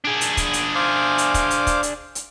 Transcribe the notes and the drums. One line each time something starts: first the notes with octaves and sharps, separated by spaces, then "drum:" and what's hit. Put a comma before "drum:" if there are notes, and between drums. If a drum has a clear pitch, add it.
D4 G#4
drum: hi-hat
drum: kick, hi-hat
drum: hi-hat
C5 F5 D6
drum: hi-hat
drum: kick, hi-hat
drum: hi-hat
drum: kick, hi-hat
drum: hi-hat
drum: hi-hat